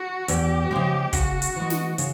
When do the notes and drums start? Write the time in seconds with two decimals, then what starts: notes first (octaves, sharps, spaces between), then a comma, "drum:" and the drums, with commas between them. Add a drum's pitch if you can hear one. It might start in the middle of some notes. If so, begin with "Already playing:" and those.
Already playing: F#4
0.28 E2 G4, drum: hi-hat
0.71 C#3 F3 G#3
1.13 C#3 F#4, drum: kick, hi-hat
1.42 drum: hi-hat
1.56 E3 G#3
1.70 drum: snare
1.98 C#3, drum: hi-hat